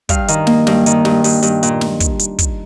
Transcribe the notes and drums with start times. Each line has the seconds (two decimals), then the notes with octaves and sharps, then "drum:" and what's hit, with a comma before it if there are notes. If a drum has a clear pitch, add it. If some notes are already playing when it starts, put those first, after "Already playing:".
0.09 G2 F5, drum: kick, hi-hat
0.28 D#3, drum: hi-hat
0.47 A#3, drum: snare
0.67 G2, drum: snare
0.86 D#3, drum: hi-hat
1.05 G2, drum: snare
1.24 G2, drum: open hi-hat
1.42 G2, drum: hi-hat
1.63 A#2, drum: hi-hat
1.81 drum: snare
2.00 drum: kick, hi-hat
2.19 drum: hi-hat
2.39 drum: kick, hi-hat